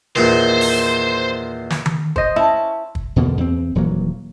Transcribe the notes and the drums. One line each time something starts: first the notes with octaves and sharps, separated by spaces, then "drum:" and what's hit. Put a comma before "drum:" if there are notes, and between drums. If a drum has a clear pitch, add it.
E2 A#2 D#3 C5
drum: open hi-hat
drum: snare
drum: tom D#3
C5 D#5, drum: kick
C#4 E4 A5
drum: kick
E2 B2 D3 A#3
E2 C4
D#1 E3 F#3 A#3